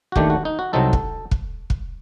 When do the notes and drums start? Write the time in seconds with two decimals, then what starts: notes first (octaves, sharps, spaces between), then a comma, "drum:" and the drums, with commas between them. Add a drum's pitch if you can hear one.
0.12 F#4
0.16 D#2 D#3 A3 D4 G4, drum: kick
0.30 F#4
0.45 D#4
0.59 F#4
0.73 C2 C3 F#3 C4 D#4 A4
0.93 drum: kick
1.31 drum: kick
1.70 drum: kick